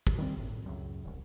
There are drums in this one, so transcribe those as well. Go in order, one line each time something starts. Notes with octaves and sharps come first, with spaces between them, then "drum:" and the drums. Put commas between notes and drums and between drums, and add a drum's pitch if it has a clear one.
drum: kick
D#3 G3 C4
B1 A2
C#2 F#2
D#1 C2